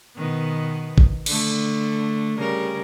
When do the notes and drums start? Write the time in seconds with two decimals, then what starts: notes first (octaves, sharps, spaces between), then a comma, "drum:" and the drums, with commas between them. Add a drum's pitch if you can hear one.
0.16 B2 D#3 B3
0.98 drum: kick G#1
1.26 D3 A3, drum: cymbal
2.37 C#3 G3 A#4